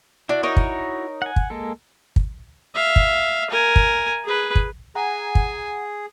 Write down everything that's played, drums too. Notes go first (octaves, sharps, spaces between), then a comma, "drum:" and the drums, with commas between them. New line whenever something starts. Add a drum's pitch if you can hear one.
D4 E4 F#4
D#4 A#4 C#5
drum: kick
F#5 G#5
drum: kick
G#3 A#3 A4
drum: kick
E5 F5
drum: kick
A#4 G#5
drum: kick
G#4 B4
drum: kick
G#4 F#5 G#5 A#5
drum: kick